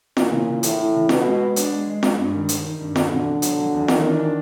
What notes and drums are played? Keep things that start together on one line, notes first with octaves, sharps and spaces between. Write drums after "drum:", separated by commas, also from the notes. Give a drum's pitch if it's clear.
A#2 E3, drum: snare F4
C#3
E3
A2 E3, drum: hi-hat
E3
C#3
B2 F#4, drum: snare F4
G#3
B3
D4, drum: hi-hat
G#3
G#3
G#3, drum: snare F4
G2
D#3
D#3, drum: hi-hat
D#3
G2
E2 D3, drum: snare F4
B2
B2
F#3, drum: hi-hat
F#3
E2
D#3 E3, drum: snare F4
D4
D4